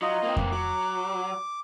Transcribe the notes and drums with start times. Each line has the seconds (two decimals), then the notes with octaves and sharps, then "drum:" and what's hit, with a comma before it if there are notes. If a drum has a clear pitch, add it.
0.02 F#3 D#4 F4 D#5
0.23 A#3 C4
0.37 drum: kick F2
0.52 F#3 D6